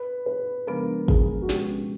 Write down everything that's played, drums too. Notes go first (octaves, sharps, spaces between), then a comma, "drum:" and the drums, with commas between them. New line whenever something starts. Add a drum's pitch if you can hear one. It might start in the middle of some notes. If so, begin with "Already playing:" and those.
Already playing: B4
B4
C#3 F3 G#3 B3 D4 A#4
G#4, drum: kick
F#4
B2 G#3 C#4 G4, drum: snare